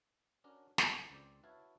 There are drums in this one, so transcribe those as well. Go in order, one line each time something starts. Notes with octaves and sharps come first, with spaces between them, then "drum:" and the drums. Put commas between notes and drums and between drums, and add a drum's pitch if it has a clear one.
C#4 D4 F#4 A#4
D3, drum: snare
C#2 C4 C5 D5
E4 F#4 B4 C#5 F5 A5